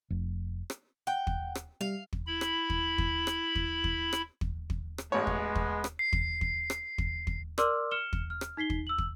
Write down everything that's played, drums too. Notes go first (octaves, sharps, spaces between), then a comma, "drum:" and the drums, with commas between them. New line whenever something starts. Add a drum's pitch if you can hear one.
F1
drum: rim click
F#5 G5
drum: kick
drum: rim click
G3 F5
drum: kick
E4 B5
drum: rim click
drum: kick
drum: kick
drum: rim click
drum: kick
drum: kick
drum: rim click
drum: kick
drum: kick
drum: rim click
A1 G#3 B3 B4 C#5
drum: kick
drum: kick
drum: rim click
C7
drum: kick
drum: kick
drum: rim click
drum: kick
drum: kick
A#4 D5 C6 D6 E6 F6, drum: rim click
F6 C#7 E7 G7
drum: kick
F6
drum: rim click
D#4 B6 C7 G7
drum: kick
E6 F#7
drum: kick